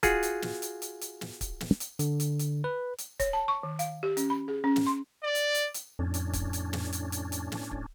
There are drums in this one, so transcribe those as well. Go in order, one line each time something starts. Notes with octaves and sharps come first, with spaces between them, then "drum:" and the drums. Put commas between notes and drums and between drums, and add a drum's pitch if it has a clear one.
F4 F#4 G#4 F#5, drum: kick, hi-hat
drum: hi-hat
drum: snare
drum: hi-hat
drum: hi-hat
drum: hi-hat
drum: snare
drum: kick, hi-hat
drum: snare
drum: hi-hat
D3, drum: hi-hat
drum: hi-hat
drum: hi-hat
B4
drum: hi-hat
C#5, drum: kick, hi-hat
A5
C#6
D#3
F5, drum: hi-hat
G4
C#4, drum: hi-hat
B5
G#4
C#4
drum: snare
C6
D5
drum: hi-hat
drum: hi-hat
drum: hi-hat
F2 A2 C#4 D4
drum: hi-hat
drum: kick, hi-hat
drum: hi-hat
drum: snare
drum: hi-hat
drum: hi-hat
drum: hi-hat
drum: snare
drum: kick